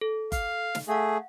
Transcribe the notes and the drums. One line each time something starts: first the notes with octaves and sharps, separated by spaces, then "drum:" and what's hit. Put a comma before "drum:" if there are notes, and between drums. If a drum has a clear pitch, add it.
A4
F5, drum: kick F#1, hi-hat
drum: snare
A3 G#4 F5 F#5